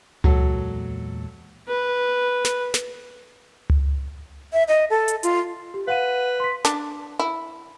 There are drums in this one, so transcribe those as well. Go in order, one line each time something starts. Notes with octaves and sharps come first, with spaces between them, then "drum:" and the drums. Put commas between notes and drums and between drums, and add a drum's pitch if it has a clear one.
E2 A#2 F#3 G#3 A4, drum: tom C#2
B4
drum: snare
drum: snare
drum: tom C#2
E5
D#5
A4
drum: hi-hat
F4, drum: hi-hat
G4
B4 F5 F#5 D#7
C6 B6
D4, drum: snare
E4